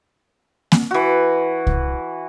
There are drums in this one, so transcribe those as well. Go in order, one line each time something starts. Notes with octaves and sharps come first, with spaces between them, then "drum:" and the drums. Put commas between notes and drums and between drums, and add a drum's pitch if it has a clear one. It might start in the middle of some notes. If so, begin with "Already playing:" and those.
drum: snare A#3
E3 F#4
drum: kick C2